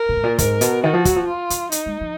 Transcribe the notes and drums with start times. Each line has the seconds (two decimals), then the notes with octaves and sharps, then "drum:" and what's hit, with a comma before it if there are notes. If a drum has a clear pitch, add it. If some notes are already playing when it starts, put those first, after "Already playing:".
Already playing: A#4
0.09 A#2
0.17 G#2
0.23 A#2
0.38 G#2 A#4, drum: kick, hi-hat
0.61 B2, drum: hi-hat
0.83 D#3 F#4
0.94 F3
1.05 F#3, drum: kick, hi-hat
1.16 F3
1.28 F4
1.50 F3, drum: hi-hat
1.72 D#4, drum: hi-hat
1.86 G#3
2.01 F3